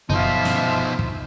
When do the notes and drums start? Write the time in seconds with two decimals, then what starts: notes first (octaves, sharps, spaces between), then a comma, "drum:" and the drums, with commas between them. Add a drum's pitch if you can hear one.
0.10 G1 B2 F3 D#4 F4 E5
0.45 drum: snare
0.99 drum: kick